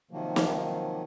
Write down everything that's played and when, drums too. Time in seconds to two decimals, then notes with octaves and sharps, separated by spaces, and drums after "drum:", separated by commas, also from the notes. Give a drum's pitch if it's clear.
0.11 C3 D#3 F3 F#3 A#3
0.36 drum: snare